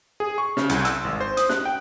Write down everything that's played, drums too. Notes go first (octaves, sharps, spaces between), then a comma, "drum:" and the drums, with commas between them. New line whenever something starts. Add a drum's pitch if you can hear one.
G#4
C#6
C#3, drum: snare
C2, drum: hi-hat
E6, drum: hi-hat
G#1
C5
D#6, drum: hi-hat
F#6, drum: snare
G5